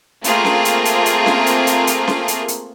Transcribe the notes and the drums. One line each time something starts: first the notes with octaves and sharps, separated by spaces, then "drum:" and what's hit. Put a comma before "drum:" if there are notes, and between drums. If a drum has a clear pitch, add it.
A3 A#3 C4 F4 G#4 A#4, drum: hi-hat
drum: snare C#4
drum: hi-hat
drum: hi-hat
drum: hi-hat
drum: snare C#4
drum: hi-hat
drum: hi-hat
drum: hi-hat
drum: snare C#4
drum: hi-hat
drum: hi-hat